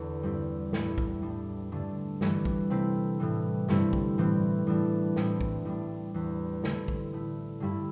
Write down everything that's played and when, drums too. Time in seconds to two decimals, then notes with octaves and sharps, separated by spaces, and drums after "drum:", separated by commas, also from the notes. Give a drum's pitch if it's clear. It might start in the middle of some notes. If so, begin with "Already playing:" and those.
Already playing: E2 D3
0.23 G2 G3 C4 E4
0.73 A2 E3 G3 E4, drum: snare
0.98 drum: kick
1.22 A2 G3 D4
1.71 G2 D3 A3 D4
2.21 G2 E3 G3 D4, drum: snare
2.45 drum: kick
2.70 C3 A3 C4 E4
3.20 A2 E3 G3
3.68 G2 D3 G3 C4 E4, drum: snare
3.93 drum: kick
4.18 A2 E3 C4
4.67 A2 E3 G3 D4
5.16 A2 G3 C4 E4, drum: snare
5.41 drum: kick
5.65 A2 G3 D4
6.14 E2 E3 C4 E4
6.64 D3 C4 E4, drum: snare
6.88 drum: kick
7.13 A2 A3 E4
7.60 G2 D3 G3 E4